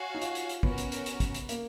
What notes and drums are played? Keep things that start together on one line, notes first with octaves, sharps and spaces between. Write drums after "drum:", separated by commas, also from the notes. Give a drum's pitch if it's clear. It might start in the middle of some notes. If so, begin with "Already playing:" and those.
Already playing: F#4 C#5 F5 G#5
D#4
F4, drum: hi-hat
drum: hi-hat
drum: hi-hat
B3 C#4 F#4 A#4, drum: kick
drum: hi-hat
drum: hi-hat
drum: hi-hat
drum: kick, hi-hat
drum: hi-hat
A#3, drum: hi-hat